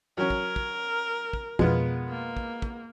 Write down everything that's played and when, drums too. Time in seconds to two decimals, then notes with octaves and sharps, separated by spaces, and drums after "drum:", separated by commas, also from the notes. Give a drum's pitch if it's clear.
0.17 F#3 C#4 A#4
0.30 drum: kick
0.56 drum: kick
1.33 drum: kick
1.59 F2 B2 G#3 B3 F4, drum: kick
2.09 A#3
2.37 drum: kick
2.62 drum: kick